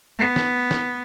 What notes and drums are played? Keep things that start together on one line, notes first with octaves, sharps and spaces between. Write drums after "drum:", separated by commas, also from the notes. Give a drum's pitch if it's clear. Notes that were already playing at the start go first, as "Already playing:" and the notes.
B3
drum: snare
drum: snare